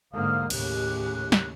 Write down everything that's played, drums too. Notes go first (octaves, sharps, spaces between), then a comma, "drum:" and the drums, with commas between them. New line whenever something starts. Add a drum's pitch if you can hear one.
G#2 D3 A#3 F5 D#6 F6
D#2 A2 C#3 G4 F#6, drum: cymbal
drum: snare